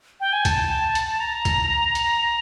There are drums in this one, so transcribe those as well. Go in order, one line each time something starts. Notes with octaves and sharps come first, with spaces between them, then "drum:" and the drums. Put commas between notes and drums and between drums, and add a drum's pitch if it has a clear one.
G5
G#5
A5, drum: kick, hi-hat
drum: hi-hat
A#5
drum: kick, hi-hat
drum: hi-hat